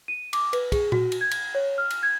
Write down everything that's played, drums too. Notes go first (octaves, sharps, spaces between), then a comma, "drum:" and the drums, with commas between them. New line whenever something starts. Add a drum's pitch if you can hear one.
D#7
D6, drum: cymbal
B4, drum: cymbal
G#4, drum: kick, cymbal
F#4, drum: tom A#2
drum: cymbal
G#6
drum: cymbal
C#5
F6
drum: cymbal
G#6